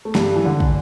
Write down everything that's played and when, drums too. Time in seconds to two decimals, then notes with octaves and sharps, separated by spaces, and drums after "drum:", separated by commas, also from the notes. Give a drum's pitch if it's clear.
0.05 A3
0.15 G2 G3, drum: snare
0.35 E3
0.45 D3
0.60 drum: kick